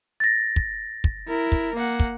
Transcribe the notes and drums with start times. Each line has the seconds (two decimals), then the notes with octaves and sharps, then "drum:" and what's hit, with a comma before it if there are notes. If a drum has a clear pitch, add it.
0.20 A6 A#6
0.56 drum: kick
1.04 drum: kick
1.28 E4 A#4
1.52 drum: kick
1.75 A#3 F#5
2.00 drum: kick